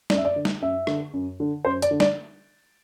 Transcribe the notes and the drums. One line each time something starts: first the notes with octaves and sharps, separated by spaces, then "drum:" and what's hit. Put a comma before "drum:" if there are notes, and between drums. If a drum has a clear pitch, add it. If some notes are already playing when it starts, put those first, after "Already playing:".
F#2 D5, drum: snare
E5
D5
D3
drum: snare
F#2 E5
D3, drum: rim click
F#2
D3
F#2 C5
D5, drum: hi-hat
D3
D5, drum: snare